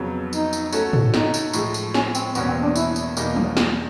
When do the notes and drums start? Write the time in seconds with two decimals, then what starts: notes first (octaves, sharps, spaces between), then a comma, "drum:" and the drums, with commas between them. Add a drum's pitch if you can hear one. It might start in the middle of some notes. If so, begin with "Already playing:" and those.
Already playing: F2 C#3 F#3 B3
0.33 D#4, drum: tambourine
0.53 drum: tambourine
0.73 A3 C#4 F#4 A4, drum: tambourine
0.93 drum: tom G#2
1.14 D#4, drum: snare
1.34 drum: tambourine
1.53 A2 F3 G#3, drum: tambourine
1.74 drum: tambourine
1.94 C#4, drum: snare
2.15 C4, drum: tambourine
2.35 E2 B2 G3 A#3 B3 C#4, drum: tambourine
2.48 C4
2.62 D4
2.75 E4, drum: tambourine
2.96 drum: tambourine
3.17 E2 B2 G3 A#3 D#4, drum: tambourine
3.36 drum: tom
3.57 drum: snare